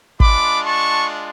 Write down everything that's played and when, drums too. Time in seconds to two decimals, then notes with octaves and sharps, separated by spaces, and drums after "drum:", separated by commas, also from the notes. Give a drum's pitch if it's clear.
0.20 G#3 D4 F4 B5 D6, drum: kick
0.66 A5 C#6